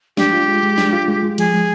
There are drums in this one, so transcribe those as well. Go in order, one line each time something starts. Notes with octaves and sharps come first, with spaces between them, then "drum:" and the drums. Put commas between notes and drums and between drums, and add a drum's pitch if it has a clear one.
D4 G4, drum: snare
F4
G#3
G#3
D4, drum: snare
F4
G#3
G#3
F3 G#4, drum: cymbal
G#3